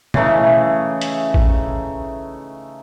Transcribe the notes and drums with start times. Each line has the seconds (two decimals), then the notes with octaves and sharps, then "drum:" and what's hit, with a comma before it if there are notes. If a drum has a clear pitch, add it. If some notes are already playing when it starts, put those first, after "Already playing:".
0.14 C#3 E3 A3 D#4, drum: tom B2
1.01 drum: hi-hat
1.34 drum: kick A1